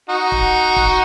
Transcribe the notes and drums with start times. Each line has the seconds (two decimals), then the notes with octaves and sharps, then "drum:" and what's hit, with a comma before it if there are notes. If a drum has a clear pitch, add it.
0.09 D#4 F#4
0.32 drum: kick
0.76 drum: kick